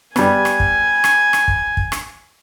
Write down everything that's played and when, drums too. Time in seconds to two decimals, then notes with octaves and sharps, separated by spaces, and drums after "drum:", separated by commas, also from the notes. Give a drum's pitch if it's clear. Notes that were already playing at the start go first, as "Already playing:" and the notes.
0.16 G3 B3 G#5, drum: rim click
0.45 drum: rim click
0.60 drum: kick
1.04 drum: rim click
1.33 drum: rim click
1.48 drum: kick
1.77 drum: kick
1.92 drum: rim click